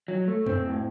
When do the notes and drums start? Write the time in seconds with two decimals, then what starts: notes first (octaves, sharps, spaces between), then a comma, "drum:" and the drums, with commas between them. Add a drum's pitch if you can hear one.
0.08 F#3
0.28 A3
0.46 C4, drum: tom F2
0.66 A2